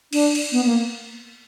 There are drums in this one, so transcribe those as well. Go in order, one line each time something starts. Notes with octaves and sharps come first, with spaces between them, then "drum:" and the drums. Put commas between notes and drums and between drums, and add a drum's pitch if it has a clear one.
D4, drum: cymbal
drum: cymbal
B3
A#3